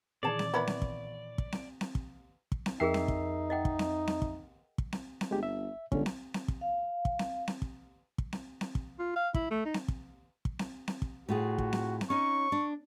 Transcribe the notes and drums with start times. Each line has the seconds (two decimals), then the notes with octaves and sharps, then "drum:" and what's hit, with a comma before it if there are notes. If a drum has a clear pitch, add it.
0.23 A#2 D#3 E3 G#4 C#5 D5 A5
0.39 drum: snare C4
0.54 A#3 B3 E4 C#5 B5
0.67 drum: snare C4
0.82 drum: kick
1.38 drum: kick
1.52 drum: snare C4
1.81 drum: snare C4
1.95 drum: kick
2.52 drum: kick
2.66 drum: snare C4
2.80 F2 D#4 G#4 A#4 E5 G5 C7
2.94 drum: snare C4
3.08 drum: kick
3.50 D#5 F#5 G5
3.65 drum: kick
3.79 drum: snare C4
4.07 drum: snare C4
4.22 drum: kick
4.78 drum: kick
4.92 drum: snare C4
5.21 drum: snare C4
5.31 G1 G#3 G4
5.43 E5
5.92 G1 D3 G#3 C#4, drum: kick
6.06 drum: snare C4
6.34 drum: snare C4
6.48 drum: kick
6.61 F5
7.05 drum: kick
7.19 drum: snare C4
7.48 drum: snare C4
7.62 drum: kick
8.18 drum: kick
8.33 drum: snare C4
8.61 drum: snare C4
8.75 drum: kick
8.99 F4
9.16 F5
9.34 E4, drum: kick
9.51 A3
9.65 D#4
9.74 drum: snare C4
9.88 drum: kick
10.45 drum: kick
10.59 drum: snare C4
10.88 drum: snare C4
11.02 drum: kick
11.29 A2 F4 F#4 G#4
11.58 drum: kick
11.73 drum: snare C4
12.01 drum: snare C4
12.10 C#4 D#4 C#6
12.52 D4